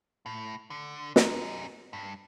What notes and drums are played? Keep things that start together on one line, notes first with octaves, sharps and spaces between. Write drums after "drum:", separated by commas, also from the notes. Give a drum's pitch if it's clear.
A2
D3
F#2 D#4, drum: snare
G2